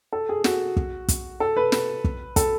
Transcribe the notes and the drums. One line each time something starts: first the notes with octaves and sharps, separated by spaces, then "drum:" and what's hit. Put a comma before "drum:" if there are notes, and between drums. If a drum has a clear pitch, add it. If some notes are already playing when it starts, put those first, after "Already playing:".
A4
G#4
F#4, drum: snare
drum: kick
drum: kick, hi-hat
A4
B4
B4, drum: snare
drum: kick
A4, drum: kick, hi-hat